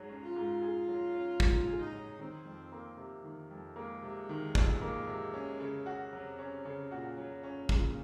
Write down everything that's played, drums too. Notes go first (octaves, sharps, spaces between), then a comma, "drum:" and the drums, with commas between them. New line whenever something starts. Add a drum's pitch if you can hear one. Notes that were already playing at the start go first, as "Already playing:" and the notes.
Already playing: G#2 F#3 G#4
C#4
F4
G#2
G#4
F#3
C#4
G#2 F4, drum: kick
G#4
D#4
F#3
D#3 C4
F2
A#3
C3
D#3
F2
G#3 A#3
C3
D#3
F2, drum: kick
A#3
C3
C#4
C#3
F#4
C3 F#3
C#4
C#3
A#2 F#4
F#3
A#2
C#4
A#2 C#3, drum: kick